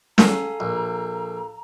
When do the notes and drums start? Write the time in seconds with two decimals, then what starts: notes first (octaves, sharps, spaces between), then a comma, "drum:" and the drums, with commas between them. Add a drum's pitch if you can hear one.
0.18 A4 F5 G#5 A#5, drum: snare
0.60 A#1